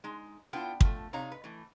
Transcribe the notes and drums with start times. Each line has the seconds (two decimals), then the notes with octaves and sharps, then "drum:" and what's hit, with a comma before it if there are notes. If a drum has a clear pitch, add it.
0.04 G#3 D#4
0.53 B3 D4 E4 F4 G5 A5
0.81 F3 G#3 A3, drum: kick
1.13 C3 D#4 C#5 F5 A#5
1.32 B4
1.44 E3 A3